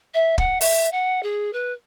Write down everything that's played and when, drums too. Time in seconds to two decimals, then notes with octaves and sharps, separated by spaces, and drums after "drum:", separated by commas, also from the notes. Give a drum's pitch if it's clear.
0.14 E5
0.38 F#5, drum: kick
0.61 E5, drum: open hi-hat
0.92 F#5
1.23 G#4
1.53 B4